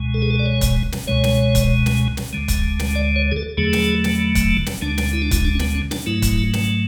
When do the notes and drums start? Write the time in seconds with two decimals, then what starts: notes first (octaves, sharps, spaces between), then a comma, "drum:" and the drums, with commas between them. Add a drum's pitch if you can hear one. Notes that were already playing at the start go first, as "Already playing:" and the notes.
Already playing: C#2 B2 G#3
0.14 A4
0.22 G#4
0.31 A4
0.39 D5
0.46 C#5
0.61 drum: kick C#1, hi-hat
0.92 drum: snare
1.07 C#2 B2 G#3 C#5
1.24 drum: snare
1.55 drum: kick C#1, hi-hat
1.86 drum: snare
2.17 drum: snare
2.33 D2 D3 G#3
2.48 drum: kick C#1, hi-hat
2.79 drum: snare
2.95 D5
3.16 C#5
3.32 G#4
3.36 A4
3.57 E2 D3 F#3 A3 G#4
3.73 drum: snare
4.04 drum: snare
4.35 drum: kick C#1, hi-hat
4.66 drum: snare
4.82 D2 D3 G#3 D4
4.98 drum: snare
5.13 E4
5.22 D4
5.31 E4, drum: kick C#1, hi-hat
5.45 D4
5.55 C#4
5.59 B3, drum: snare
5.75 C#4
5.91 D4, drum: snare
6.06 G#2 F#3 A3 E4
6.22 drum: kick C#1, hi-hat
6.53 drum: snare